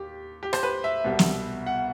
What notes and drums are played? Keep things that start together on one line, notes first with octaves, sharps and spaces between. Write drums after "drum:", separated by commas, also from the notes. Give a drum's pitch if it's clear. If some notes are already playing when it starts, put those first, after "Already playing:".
Already playing: D#2 G4
G4
C5, drum: rim click
B4
E5
C2 B2 G3 B3
drum: snare
F#5